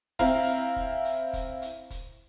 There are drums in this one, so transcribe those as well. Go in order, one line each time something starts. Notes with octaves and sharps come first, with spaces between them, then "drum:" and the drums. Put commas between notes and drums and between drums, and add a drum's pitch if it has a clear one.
C4 E4 F5 A#5, drum: kick, hi-hat
drum: hi-hat
drum: kick
drum: hi-hat
drum: kick, hi-hat
drum: hi-hat
drum: kick, hi-hat